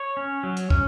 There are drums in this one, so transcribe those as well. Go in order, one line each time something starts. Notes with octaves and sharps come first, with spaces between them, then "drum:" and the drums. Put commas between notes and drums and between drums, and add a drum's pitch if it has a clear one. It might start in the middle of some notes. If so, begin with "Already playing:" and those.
Already playing: C#5
C#4
F#3
drum: hi-hat
C#4, drum: kick